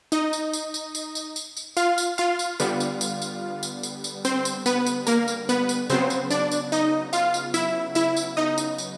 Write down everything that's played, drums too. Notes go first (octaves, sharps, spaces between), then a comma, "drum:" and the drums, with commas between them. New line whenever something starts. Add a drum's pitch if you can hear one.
D#4 D#5, drum: tambourine
drum: tambourine
drum: tambourine
drum: tambourine
drum: tambourine
drum: tambourine
drum: tambourine
drum: tambourine
F4 F5, drum: tambourine
drum: tambourine
F4 F5, drum: tambourine
drum: tambourine
D3 G3 B3, drum: tambourine
drum: tambourine
drum: tambourine
drum: tambourine
drum: tambourine
drum: tambourine
drum: tambourine
C4 C5, drum: tambourine
drum: tambourine
B3 B4, drum: tambourine
drum: tambourine
A#3 A#4, drum: tambourine
drum: tambourine
B3 B4, drum: tambourine
drum: tambourine
C#3 F#3 B3 C4 C5, drum: tambourine
drum: tambourine
D4 D5, drum: tambourine
drum: tambourine
D#4 D#5, drum: tambourine
F4 F5, drum: tambourine
drum: tambourine
E4 E5, drum: tambourine
E4 E5, drum: tambourine
drum: tambourine
D#4 D#5
drum: tambourine
drum: tambourine